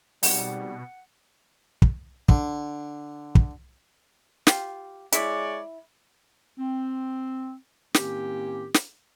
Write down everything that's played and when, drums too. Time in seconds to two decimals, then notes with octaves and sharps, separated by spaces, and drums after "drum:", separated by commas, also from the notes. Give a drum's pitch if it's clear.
0.23 G#1 B2 G3 F#5, drum: open hi-hat
1.82 drum: kick
2.29 D3, drum: kick
3.35 drum: kick
4.47 F4 G4, drum: snare
5.12 G#3 E4 C#5 D5, drum: hi-hat
6.58 C4
7.94 A2 D#3 A#3 C4 C#4 G4, drum: snare
8.74 drum: snare